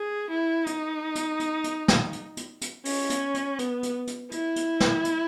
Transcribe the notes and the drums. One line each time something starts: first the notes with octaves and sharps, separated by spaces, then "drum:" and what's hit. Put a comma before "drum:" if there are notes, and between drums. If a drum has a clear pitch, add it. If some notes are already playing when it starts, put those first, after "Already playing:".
Already playing: G#4
E4
D#4, drum: hi-hat
drum: hi-hat
drum: hi-hat
drum: hi-hat
drum: snare
drum: hi-hat
drum: hi-hat
drum: hi-hat
C#4, drum: open hi-hat
drum: hi-hat
drum: hi-hat
B3, drum: hi-hat
drum: hi-hat
drum: hi-hat
E4, drum: hi-hat
drum: hi-hat
drum: snare
drum: hi-hat